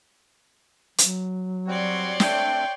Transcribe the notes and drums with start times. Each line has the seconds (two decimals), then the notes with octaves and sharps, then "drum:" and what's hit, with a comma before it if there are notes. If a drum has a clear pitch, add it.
0.98 F#3, drum: hi-hat
1.67 G3 C4 F#4 C#5 D5 C6
2.20 A3 C4 D4 G5, drum: snare